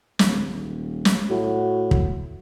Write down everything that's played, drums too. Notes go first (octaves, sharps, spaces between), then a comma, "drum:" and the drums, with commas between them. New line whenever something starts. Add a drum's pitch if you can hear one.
D1, drum: snare
D#1
drum: snare
A2 F#4
drum: kick